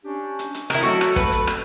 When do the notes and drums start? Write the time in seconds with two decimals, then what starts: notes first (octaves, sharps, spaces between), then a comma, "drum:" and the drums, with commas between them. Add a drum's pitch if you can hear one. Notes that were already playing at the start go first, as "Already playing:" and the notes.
0.04 C#4 D4 G4
0.39 drum: hi-hat
0.54 drum: hi-hat
0.70 D#3 E4 A#4 D#5, drum: rim click
0.83 F#3 A3 F#4 A4, drum: hi-hat
1.01 drum: rim click
1.16 B4, drum: kick, hi-hat
1.32 drum: hi-hat
1.47 drum: rim click